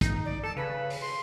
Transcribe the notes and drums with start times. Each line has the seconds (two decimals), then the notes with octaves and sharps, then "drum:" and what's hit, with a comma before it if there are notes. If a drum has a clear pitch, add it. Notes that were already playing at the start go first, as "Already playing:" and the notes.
0.01 D#4, drum: kick, hi-hat
0.25 D5
0.43 A4 A5
0.57 C#3 B4
0.90 drum: open hi-hat
1.02 C6